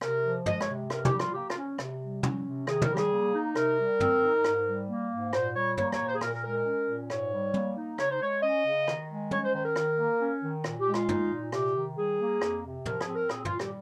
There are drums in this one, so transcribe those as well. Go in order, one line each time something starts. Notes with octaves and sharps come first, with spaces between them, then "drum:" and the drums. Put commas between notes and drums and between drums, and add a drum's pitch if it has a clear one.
C3 A#4, drum: rim click
F3
G#3 D#5, drum: tom
C#5, drum: rim click
C3
G2 A#4, drum: rim click
G4, drum: tom
G3
F4, drum: rim click
A#3 G4
F4, drum: rim click
C#4
C3, drum: rim click
G3
C#4, drum: tom
C3
D#3 G#4, drum: rim click
A#4, drum: tom
G3 G4
G#4, drum: rim click
A#3
D#4
C3 A#4, drum: rim click
G3
C4, drum: tom
D#4
G#2, drum: rim click
G3
A#3
G#2
A#2 C5, drum: rim click
G3 C#5
A#3 C#5, drum: tom
C#5, drum: rim click
A#2
C5
G#4
A#2 A#4, drum: rim click
A#4
G#3 A#4
A#4
C#4
A#2
G#2 C#5, drum: rim click
G3
A#3, drum: tom
D#4
C#3 C#5, drum: rim click
C5
G#3 C#5
C#4 D#5
C#3
D#3, drum: rim click
G#3
C#4 C#5, drum: tom
C5
D#3 C5
A#4
D#3, drum: rim click
A#3
C#4
D#3
A#2, drum: rim click
G4
G#3
F4, drum: rim click
D#4, drum: tom
A#2
C3 G4, drum: rim click
D#3
G3 G#4
A#3
F2, drum: rim click
C3
F3 A#4, drum: tom
G#4, drum: rim click
C4
A#4
A#2 G#4, drum: rim click
F4, drum: tom
G3
G4, drum: rim click